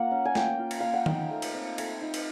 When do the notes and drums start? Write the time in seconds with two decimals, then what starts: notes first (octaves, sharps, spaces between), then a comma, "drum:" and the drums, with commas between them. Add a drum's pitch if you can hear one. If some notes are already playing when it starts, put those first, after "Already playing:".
Already playing: A#3 F4 F#5
0.11 C#4
0.25 G#5
0.35 A#3 G5, drum: snare A3
0.59 F4
0.71 drum: cymbal
0.80 A#3 F5
0.94 F#5
1.06 D#4 G5, drum: tom
1.30 A3
1.42 drum: cymbal
1.54 C4
1.78 A3, drum: cymbal
2.02 D#4
2.14 drum: cymbal